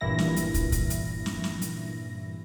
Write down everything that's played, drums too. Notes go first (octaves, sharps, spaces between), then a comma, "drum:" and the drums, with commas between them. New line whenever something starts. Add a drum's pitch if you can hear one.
G1 G2 A#2 E3 E4 A#6
drum: snare
drum: hi-hat
drum: kick, hi-hat
drum: kick, hi-hat
drum: hi-hat
drum: snare
drum: snare
drum: hi-hat